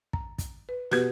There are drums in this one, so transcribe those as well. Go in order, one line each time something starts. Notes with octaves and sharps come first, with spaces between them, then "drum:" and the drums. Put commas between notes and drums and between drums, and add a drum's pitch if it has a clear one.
A#5, drum: kick
drum: kick, hi-hat
B4
B2 F#4 G4 B4 G#6, drum: snare